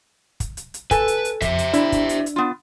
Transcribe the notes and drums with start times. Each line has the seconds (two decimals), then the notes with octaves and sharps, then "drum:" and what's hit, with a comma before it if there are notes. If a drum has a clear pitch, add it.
0.40 drum: kick, hi-hat
0.57 drum: hi-hat
0.74 drum: hi-hat
0.91 A4 B4 G#5, drum: kick, hi-hat
1.08 drum: hi-hat
1.25 drum: hi-hat
1.42 F2 C5 E5, drum: kick, hi-hat
1.58 drum: hi-hat
1.73 D4 E4, drum: hi-hat
1.92 drum: kick, hi-hat
2.09 drum: hi-hat
2.26 drum: hi-hat
2.36 B3 F4